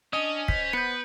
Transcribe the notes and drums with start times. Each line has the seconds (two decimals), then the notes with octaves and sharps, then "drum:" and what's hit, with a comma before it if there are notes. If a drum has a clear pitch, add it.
0.13 C#4 D4 D#5 G#5 D#6
0.48 C5 B6, drum: kick
0.73 B3 B4 G6 C#7